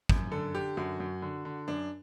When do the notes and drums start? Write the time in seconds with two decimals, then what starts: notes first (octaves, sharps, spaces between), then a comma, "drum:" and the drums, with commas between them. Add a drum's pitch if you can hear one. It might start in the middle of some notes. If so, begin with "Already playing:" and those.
0.09 F#2, drum: kick
0.31 D3 A4
0.55 D3 G4
0.77 F#2 F#4
1.00 F#2
1.22 D3
1.45 D3
1.68 F#2 D4